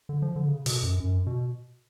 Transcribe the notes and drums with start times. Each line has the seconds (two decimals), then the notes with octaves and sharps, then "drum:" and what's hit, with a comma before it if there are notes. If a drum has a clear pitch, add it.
0.09 D3
0.22 F3
0.36 D3
0.48 C#3
0.66 B2, drum: open hi-hat
0.83 F#2
1.00 F#2
1.27 B2